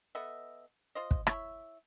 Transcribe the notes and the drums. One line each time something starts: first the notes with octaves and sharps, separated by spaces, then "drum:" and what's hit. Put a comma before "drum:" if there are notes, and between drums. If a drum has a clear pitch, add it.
B3 A4 D#5 E5
F4 C5 D#5
drum: kick
E4 C#5 E5, drum: rim click